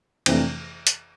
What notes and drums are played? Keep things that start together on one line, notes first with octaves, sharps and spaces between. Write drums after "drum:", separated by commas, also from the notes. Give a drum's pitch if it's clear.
F2 C3 E3 A3 D4, drum: cymbal
drum: hi-hat